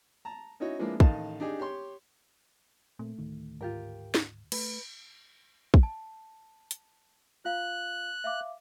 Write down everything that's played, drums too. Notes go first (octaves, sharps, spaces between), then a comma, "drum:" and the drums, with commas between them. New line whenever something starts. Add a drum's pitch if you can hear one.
A5 A#5
C#4 D#4 E4 F#4 C#5
F3 G#3 A#3 B3 D4 E4
A1 D#3 D#4 F5 A5, drum: kick
D4 D#4 G4 G#4
G4 C#5 C6
A#2 A3 A#3 C4
D2 A2 D#3
G#2 F4 G4 A#4
drum: snare
A3 B4, drum: cymbal
drum: kick
A5
drum: hi-hat
F4 F5 F#6
E5 F5 D6